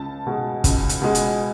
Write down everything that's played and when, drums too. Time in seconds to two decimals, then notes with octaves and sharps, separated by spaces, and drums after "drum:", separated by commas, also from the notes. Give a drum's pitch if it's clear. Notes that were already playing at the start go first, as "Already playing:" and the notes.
Already playing: C#2 A5
0.27 B2 G#3
0.64 C#2, drum: kick, hi-hat
0.89 drum: hi-hat
1.02 B2 G#3
1.15 drum: hi-hat